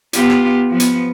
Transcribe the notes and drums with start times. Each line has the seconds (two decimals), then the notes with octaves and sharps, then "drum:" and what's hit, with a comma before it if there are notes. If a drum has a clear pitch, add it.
0.13 B3 F4 G4, drum: hi-hat
0.30 drum: rim click
0.69 F3 B3
0.80 drum: hi-hat